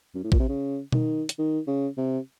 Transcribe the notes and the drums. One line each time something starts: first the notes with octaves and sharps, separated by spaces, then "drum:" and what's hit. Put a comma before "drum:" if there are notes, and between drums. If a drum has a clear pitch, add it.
F#2
A2
A#2, drum: kick
C3
C#3
D#3, drum: tom B2
drum: hi-hat
D#3
C#3
C3